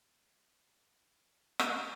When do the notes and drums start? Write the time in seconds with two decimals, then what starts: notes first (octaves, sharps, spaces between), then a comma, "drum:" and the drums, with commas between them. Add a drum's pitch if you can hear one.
0.09 F4 B4 C#5
0.35 D3 F3 A#3 C4 D4 D#4
0.91 F#3 D4
1.59 drum: rim click